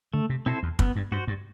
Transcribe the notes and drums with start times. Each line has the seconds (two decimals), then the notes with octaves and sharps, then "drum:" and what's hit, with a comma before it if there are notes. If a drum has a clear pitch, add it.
0.13 D3 A3
0.30 C3
0.46 B2 C4 E4 A4 C5
0.63 E2
0.79 F#2 B3, drum: kick
0.96 G2
1.12 G2 F#4 C5
1.28 G2